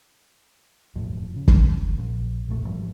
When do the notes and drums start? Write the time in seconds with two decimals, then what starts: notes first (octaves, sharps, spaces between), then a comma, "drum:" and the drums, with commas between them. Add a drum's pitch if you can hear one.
0.96 E1 F#2 A2 F3
1.36 C#3
1.48 drum: kick
1.98 A#1
2.48 E1 A#1 A2 A3
2.65 A1 G#2 F3 G3